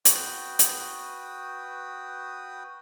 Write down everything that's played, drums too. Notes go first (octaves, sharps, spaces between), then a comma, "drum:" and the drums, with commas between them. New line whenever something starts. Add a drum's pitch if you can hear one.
F#4 B4 G5 D#6, drum: hi-hat
drum: hi-hat